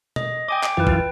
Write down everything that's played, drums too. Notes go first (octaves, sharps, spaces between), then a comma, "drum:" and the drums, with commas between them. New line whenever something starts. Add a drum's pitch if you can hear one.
D#5, drum: tom B2
D#5 G5 G#5 D6
drum: clap
F#2 E3 F4 B4 G5
drum: kick B1